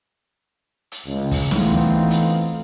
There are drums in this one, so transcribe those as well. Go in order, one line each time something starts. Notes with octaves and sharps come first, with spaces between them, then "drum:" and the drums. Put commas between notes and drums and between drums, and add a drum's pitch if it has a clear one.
drum: hi-hat
C#2
drum: kick, open hi-hat
E3 A3 B3 C4 D#4 F4, drum: snare
drum: kick
drum: hi-hat